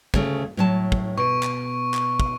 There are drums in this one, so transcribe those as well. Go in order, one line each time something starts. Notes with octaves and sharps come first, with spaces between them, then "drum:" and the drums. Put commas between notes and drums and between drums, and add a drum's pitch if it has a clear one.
D2 C#3 A3, drum: kick
A2 F#3 A5
drum: kick
B2 C#6 D7
drum: clap
drum: clap
drum: kick